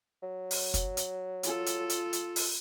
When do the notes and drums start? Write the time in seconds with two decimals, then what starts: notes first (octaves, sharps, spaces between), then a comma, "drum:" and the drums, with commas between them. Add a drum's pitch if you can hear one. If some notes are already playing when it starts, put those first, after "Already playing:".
0.23 F#3
0.51 drum: open hi-hat
0.74 drum: kick, hi-hat
0.97 drum: hi-hat
1.43 F4 A4, drum: hi-hat
1.66 drum: hi-hat
1.90 drum: hi-hat
2.13 drum: hi-hat
2.36 drum: open hi-hat